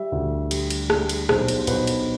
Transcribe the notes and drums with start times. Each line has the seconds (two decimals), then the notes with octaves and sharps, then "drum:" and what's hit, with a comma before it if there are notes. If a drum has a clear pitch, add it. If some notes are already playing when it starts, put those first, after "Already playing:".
Already playing: G3 E5
0.12 D2
0.51 G3, drum: cymbal
0.70 drum: cymbal
0.90 G3, drum: rim click
1.09 drum: cymbal
1.29 B1 C5, drum: rim click
1.48 drum: cymbal
1.58 C5
1.67 B1 B4, drum: cymbal
1.87 drum: cymbal